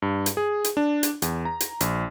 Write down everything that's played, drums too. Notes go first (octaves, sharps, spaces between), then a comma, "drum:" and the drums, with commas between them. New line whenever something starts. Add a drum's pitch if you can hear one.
G2
drum: hi-hat
G#4
drum: hi-hat
D4
drum: hi-hat
E2, drum: hi-hat
A#5
drum: hi-hat
A#1, drum: hi-hat